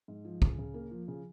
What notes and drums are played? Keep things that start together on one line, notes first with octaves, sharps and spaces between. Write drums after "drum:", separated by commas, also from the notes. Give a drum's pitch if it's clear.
G#2
F3
C#3, drum: kick
C#3
A#3
F3
C#3